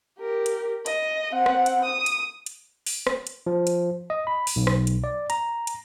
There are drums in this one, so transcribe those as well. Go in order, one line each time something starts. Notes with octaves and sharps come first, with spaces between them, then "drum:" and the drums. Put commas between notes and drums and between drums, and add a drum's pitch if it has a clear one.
G4 A#4
drum: hi-hat
D#5, drum: hi-hat
C4 F#5
drum: rim click
drum: hi-hat
D#6
drum: hi-hat
drum: hi-hat
drum: open hi-hat
drum: rim click
drum: hi-hat
F3
drum: hi-hat
D#5
B5
drum: open hi-hat
B1
drum: rim click
drum: hi-hat
D5
A#5, drum: hi-hat
drum: hi-hat